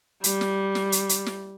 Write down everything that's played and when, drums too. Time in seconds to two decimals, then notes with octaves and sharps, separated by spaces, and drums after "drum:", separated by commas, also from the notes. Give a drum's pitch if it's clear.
0.24 G3, drum: hi-hat
0.41 drum: snare
0.75 drum: snare
0.92 drum: hi-hat
1.09 drum: hi-hat
1.26 drum: snare